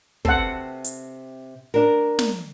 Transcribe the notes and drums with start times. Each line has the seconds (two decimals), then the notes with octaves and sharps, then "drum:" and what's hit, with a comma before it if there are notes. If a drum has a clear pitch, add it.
0.25 C3 C4 A4 F#5, drum: kick
0.84 drum: hi-hat
1.74 D4 A#4
2.19 drum: snare